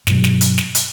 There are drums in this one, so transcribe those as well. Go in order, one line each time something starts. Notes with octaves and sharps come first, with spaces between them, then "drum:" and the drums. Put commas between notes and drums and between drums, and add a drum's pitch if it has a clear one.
G2 B2 F#3, drum: snare
drum: snare
drum: hi-hat
drum: snare
drum: hi-hat